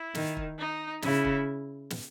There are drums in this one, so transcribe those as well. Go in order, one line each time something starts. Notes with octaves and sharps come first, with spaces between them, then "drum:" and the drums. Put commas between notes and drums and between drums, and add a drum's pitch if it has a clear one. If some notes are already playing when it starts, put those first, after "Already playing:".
Already playing: E4
D#3, drum: snare
drum: kick
D#4
C#3 E4, drum: snare
drum: kick
drum: snare